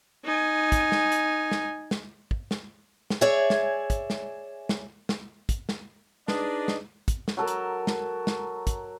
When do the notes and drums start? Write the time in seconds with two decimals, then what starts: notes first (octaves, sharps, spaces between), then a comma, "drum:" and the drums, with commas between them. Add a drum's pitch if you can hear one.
0.24 D#4 G#5
0.72 drum: kick, hi-hat
0.92 drum: snare
1.12 drum: hi-hat
1.51 drum: snare
1.91 drum: snare
2.31 drum: kick
2.51 drum: snare
3.10 drum: snare
3.21 G#4 C#5 D5 E5 G#5
3.50 drum: snare
3.90 drum: kick, hi-hat
4.10 drum: snare
4.69 drum: snare
5.09 drum: snare
5.49 drum: kick, hi-hat
5.69 drum: snare
6.28 D4 D#4 G#4 B4 D5 D#5, drum: snare
6.68 drum: snare
7.08 drum: kick, hi-hat
7.28 drum: snare
7.37 F#3 A4 A#4
7.48 drum: hi-hat
7.87 drum: snare
8.27 drum: snare
8.67 drum: kick, hi-hat